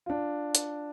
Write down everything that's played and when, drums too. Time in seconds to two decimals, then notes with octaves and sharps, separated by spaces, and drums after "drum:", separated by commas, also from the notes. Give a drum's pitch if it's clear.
0.06 D4 F4
0.55 drum: hi-hat